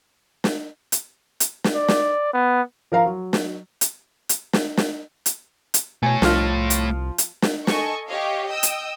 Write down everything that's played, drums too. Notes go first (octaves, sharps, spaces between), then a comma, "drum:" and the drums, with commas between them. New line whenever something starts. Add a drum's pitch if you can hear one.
drum: snare
drum: hi-hat
drum: hi-hat
drum: snare
D5
drum: snare
B3
F3 A#4 F5 A#5
F#3
drum: snare
drum: hi-hat
drum: hi-hat
drum: snare
drum: snare
drum: hi-hat
drum: hi-hat
B2 A3 C#5 G#5
C2 F3 F4 F6, drum: snare
drum: hi-hat
drum: hi-hat
drum: snare
A4 D#5 G#5 C#6, drum: snare
G4 C#5 D#5 F5
D#5 G5 D#6 E6
drum: hi-hat